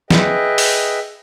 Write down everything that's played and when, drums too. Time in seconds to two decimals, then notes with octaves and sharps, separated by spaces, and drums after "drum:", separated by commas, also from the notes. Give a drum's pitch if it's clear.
0.10 G#4 B4 D#5 E5 G5, drum: snare
0.58 drum: open hi-hat